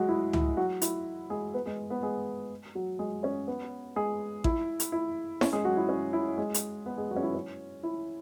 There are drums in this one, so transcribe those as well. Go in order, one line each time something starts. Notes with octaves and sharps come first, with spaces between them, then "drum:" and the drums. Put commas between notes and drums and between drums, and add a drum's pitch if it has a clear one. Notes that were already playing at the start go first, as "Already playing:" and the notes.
Already playing: F#3 G#3 F#4 G#4
E4
E4, drum: tom C#2
F#3 F#4
E4, drum: hi-hat
G#3 G#4
B3 B4
G#3 G#4
B3 B4
G#3 G#4
F#3 F#4
G#3 G#4
C#4 C#5
B3 B4
G#3 G#4
E4, drum: kick A1
drum: hi-hat
E4
C#4 C#5, drum: snare E4
G#3 G#4
F#3 F#4
E4
C#4
E4
G#3 G#4
drum: hi-hat
B3 B4
G#3 G#4
F#3 F#4
C#4
E4
C#4
E4